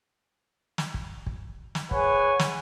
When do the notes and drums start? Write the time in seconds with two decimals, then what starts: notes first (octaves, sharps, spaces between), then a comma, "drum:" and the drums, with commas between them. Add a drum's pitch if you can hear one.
0.78 drum: snare
0.94 drum: kick
1.26 drum: kick
1.75 drum: snare
1.91 G#4 B4 C#5 F#5 G#5, drum: kick
2.39 drum: snare